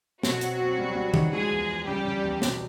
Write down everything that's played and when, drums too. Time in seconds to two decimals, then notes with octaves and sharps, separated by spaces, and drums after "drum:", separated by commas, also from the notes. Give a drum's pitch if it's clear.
0.23 B2 F#3 F#4, drum: snare
0.41 C4, drum: hi-hat
0.60 C4
0.78 G3
0.95 G3
1.14 D#4, drum: tom D#3
1.32 F3 G#3 G#4
1.51 E2
1.68 E2
1.87 C#3 G3 G4
2.05 C#3
2.23 E2
2.42 B2, drum: snare